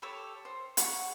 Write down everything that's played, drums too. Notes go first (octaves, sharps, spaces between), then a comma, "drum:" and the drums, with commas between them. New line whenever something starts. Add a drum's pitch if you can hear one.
G4 A4 C#5 E6
C5
F#5 B5 C#6, drum: hi-hat